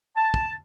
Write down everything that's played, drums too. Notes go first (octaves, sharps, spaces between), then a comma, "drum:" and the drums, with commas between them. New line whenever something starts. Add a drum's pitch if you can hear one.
A5
drum: kick